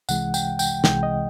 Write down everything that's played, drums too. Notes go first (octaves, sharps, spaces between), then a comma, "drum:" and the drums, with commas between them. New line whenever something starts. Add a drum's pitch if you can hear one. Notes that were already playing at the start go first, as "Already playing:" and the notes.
C2 C3 E3 G#3 F#5, drum: tambourine
G5, drum: tambourine
G5, drum: tambourine
C2 C3 E3 G#3 G5, drum: snare
D#5